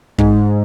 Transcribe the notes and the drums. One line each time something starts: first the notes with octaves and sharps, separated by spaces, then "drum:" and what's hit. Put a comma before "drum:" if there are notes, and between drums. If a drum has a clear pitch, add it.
G#2, drum: kick